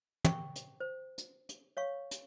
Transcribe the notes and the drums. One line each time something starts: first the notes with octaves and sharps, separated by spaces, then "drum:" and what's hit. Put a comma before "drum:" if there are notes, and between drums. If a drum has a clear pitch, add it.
G5 C#6, drum: tom
drum: hi-hat
C5
drum: hi-hat
drum: hi-hat
C#5 F5 C#6
drum: hi-hat